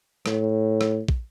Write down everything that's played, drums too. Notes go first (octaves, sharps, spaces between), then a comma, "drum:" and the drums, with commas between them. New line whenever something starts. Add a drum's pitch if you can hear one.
A2, drum: rim click
drum: rim click
drum: kick